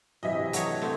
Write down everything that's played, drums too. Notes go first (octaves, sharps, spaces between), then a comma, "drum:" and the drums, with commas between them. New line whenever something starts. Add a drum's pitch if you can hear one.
C3 E3 F#3 D#5 E5
F#3 A3 C#5, drum: hi-hat
A3 C4 D4 F5